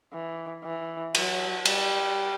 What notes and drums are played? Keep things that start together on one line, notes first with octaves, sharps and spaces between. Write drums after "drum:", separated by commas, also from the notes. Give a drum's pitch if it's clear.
E3
E3
F#3, drum: cymbal
G3, drum: cymbal